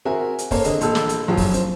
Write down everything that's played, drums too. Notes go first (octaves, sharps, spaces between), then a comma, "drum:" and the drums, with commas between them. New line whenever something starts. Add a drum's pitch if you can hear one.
C4 F#4 G#4 A#4 E5 G#5
drum: hi-hat
A#3 C4 A4 C#5 F5, drum: kick, open hi-hat
D3 G#4 D#5, drum: hi-hat
A#1 A4 D#5 E6, drum: hi-hat
drum: snare
drum: hi-hat
A#1 F#2 F3 F#3
drum: kick, open hi-hat
C4, drum: hi-hat